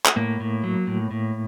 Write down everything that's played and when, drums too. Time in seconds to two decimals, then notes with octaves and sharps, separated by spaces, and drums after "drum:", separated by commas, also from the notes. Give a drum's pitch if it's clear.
0.05 drum: clap
0.16 A2 A#3
0.40 A2
0.64 F#3
0.87 A2
1.11 A2